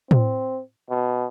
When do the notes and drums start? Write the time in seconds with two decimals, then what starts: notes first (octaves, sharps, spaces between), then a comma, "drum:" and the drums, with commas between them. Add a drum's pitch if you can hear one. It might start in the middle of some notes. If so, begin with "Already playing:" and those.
0.11 C4, drum: tom A2
0.90 B2